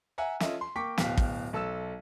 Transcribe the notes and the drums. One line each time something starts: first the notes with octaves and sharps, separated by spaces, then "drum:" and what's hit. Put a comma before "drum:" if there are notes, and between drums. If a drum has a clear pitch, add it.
E5 F#5 G#5 A#5
C#4 F4 A4 D#5 E5, drum: snare
C6
A#3 G5 C#6 D6 B6
D1 B2 F5 G5 B6, drum: snare
drum: kick
B1 A4 A5 E6 E7